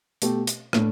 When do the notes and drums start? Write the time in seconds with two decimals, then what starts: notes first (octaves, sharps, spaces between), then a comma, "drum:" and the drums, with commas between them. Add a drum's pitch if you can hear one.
0.22 B2 A3 G4, drum: hi-hat
0.47 drum: hi-hat
0.73 A2 A3 D4, drum: rim click